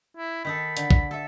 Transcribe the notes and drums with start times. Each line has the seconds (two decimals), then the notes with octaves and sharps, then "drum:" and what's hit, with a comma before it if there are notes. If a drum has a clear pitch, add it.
0.17 E4
0.45 D#3 D#4 A4 B5
0.77 D3, drum: hi-hat
0.91 drum: kick
1.11 A4 E5